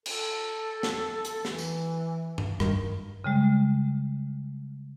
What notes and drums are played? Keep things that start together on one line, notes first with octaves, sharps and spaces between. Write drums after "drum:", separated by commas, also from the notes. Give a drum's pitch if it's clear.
A4, drum: cymbal
drum: snare
drum: hi-hat
E3, drum: snare
drum: tambourine
drum: tom G2
G2 D#3, drum: rim click
C#3 G3 G#3